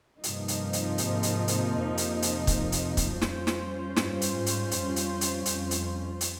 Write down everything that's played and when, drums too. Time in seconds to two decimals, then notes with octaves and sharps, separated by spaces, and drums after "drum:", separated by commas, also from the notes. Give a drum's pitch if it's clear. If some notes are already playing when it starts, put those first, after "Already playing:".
0.24 G2 C3 F3 A#3 D#4, drum: hi-hat
0.48 drum: hi-hat
0.73 drum: hi-hat
0.98 G#2, drum: hi-hat
1.23 drum: hi-hat
1.48 drum: hi-hat
1.72 F2
1.97 drum: hi-hat
2.22 drum: hi-hat
2.47 drum: kick, hi-hat
2.72 drum: hi-hat
2.97 drum: kick, hi-hat
3.21 G3 C#4 F4 C5, drum: snare
3.47 drum: snare
3.96 G2, drum: snare
4.21 drum: hi-hat
4.34 G#2
4.46 drum: hi-hat
4.71 F2, drum: hi-hat
4.96 drum: hi-hat
5.21 drum: hi-hat
5.46 F2, drum: hi-hat
5.71 drum: hi-hat
6.21 drum: hi-hat